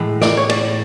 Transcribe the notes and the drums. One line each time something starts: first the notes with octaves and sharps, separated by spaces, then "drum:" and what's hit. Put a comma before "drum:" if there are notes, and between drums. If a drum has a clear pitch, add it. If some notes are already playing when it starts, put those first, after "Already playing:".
Already playing: A2 E3 G#3
D5, drum: snare
C#5
D5, drum: cymbal